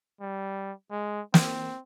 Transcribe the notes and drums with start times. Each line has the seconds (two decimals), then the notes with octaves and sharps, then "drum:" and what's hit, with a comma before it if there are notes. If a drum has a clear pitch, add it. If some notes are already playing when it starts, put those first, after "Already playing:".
0.21 G3
0.91 G#3
1.34 C4, drum: snare